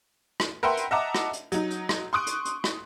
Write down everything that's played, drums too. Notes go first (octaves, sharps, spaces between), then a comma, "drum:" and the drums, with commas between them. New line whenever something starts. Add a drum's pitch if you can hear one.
drum: rim click
A#4 B4 E5 F#5 G5 C6
drum: hi-hat
D#5 E5 F#5 A5 A#5 D6
drum: rim click
drum: hi-hat
F#3 D#4, drum: hi-hat
drum: hi-hat
drum: rim click
C6 C#6 D#6 F#6 D7
drum: hi-hat
drum: hi-hat
drum: rim click